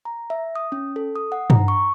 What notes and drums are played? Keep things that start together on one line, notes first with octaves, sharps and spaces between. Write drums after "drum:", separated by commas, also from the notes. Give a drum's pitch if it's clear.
A#5
E5
D#6
C#4
A4
D#6
F#5
A#5, drum: tom
C#6